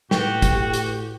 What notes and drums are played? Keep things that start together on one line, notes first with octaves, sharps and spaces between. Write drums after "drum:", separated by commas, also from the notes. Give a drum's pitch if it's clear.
A2 F#4 G4 B4 G5, drum: snare
drum: kick, hi-hat
drum: hi-hat